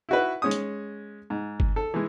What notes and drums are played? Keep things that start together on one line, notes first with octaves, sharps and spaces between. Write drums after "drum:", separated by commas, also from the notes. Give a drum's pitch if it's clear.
E4 F#4 B4
G#3 C#4 D#6
drum: hi-hat
G#2
drum: kick G1
A4
E3 G#3